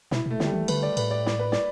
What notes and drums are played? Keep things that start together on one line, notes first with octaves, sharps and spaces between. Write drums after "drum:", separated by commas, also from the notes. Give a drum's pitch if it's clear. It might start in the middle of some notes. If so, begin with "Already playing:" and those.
B2 E4, drum: snare
B2 A3
D3 G3, drum: snare
A3
E3
D3 B4, drum: cymbal
D5
A2 B4, drum: cymbal
D5
D5, drum: snare
B4
D5, drum: snare